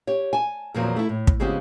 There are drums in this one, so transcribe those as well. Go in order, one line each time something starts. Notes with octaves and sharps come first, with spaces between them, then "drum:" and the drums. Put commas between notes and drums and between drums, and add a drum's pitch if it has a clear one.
G4 C#5
G#5 A5
E2 A#2 D#3 F3 F#3 C4
A3 E4
A2
drum: kick
C#3 F3 G#3 B3 C4 G4